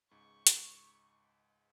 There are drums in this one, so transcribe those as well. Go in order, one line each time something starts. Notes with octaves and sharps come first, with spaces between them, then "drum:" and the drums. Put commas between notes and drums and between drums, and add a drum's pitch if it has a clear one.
C#2 G#2 C#6
drum: hi-hat